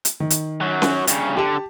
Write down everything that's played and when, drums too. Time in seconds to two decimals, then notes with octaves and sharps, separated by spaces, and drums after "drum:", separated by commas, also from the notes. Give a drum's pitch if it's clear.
0.05 drum: hi-hat
0.20 D#3
0.30 drum: hi-hat
0.61 F#2 F#3
0.82 drum: snare C#4
1.07 G2 C#3, drum: hi-hat
1.37 D3 G4 A5